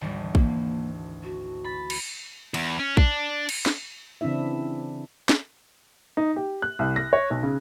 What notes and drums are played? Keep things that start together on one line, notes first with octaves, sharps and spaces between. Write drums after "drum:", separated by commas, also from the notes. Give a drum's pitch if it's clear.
G#1 D2 E3 G3
A#3, drum: kick
F#4
B5 A6
drum: cymbal
E2, drum: cymbal
C#4
D4, drum: kick
drum: cymbal
drum: snare
C#3 E3 C4 D4 E4 E5
drum: snare
D#4
G4
F#6
C2
A#6
C#5
B1
C#3